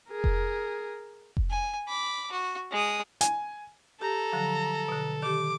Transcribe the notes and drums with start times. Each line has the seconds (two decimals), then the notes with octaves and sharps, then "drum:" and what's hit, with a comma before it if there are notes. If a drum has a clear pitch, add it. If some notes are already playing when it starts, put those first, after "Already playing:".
0.11 G#4 A#4
0.24 drum: kick F1
1.37 drum: kick F1
1.50 G#5
1.88 B5 D6
2.32 F#4
2.72 G#3 D#6
3.21 G#5, drum: hi-hat
4.02 G4 A4 A#5
4.32 D3 F3 F#3
4.88 B2 D3
5.22 D#3 G4 D6